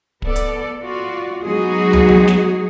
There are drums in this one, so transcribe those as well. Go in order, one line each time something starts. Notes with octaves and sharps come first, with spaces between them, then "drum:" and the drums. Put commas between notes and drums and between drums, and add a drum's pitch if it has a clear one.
B3 A4 D5, drum: kick
drum: hi-hat
F4 F#4 D5
F#3 G#3 B3 D#4 F#4 G#4
drum: tom
drum: tom
drum: snare